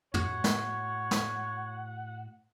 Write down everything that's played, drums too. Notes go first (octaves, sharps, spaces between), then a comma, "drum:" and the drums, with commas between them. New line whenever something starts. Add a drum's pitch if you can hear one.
A2 A3 F#4 C#5 F#5, drum: tom
drum: snare
drum: snare